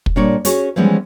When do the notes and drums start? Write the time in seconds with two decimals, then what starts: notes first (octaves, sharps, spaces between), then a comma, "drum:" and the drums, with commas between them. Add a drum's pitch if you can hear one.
0.06 drum: kick
0.16 A#2 G3 D4 A#4 C#5 D5
0.45 C#4 F#4 G#4 C#5, drum: hi-hat
0.76 E3 F3 G3 G#3 B3 C#4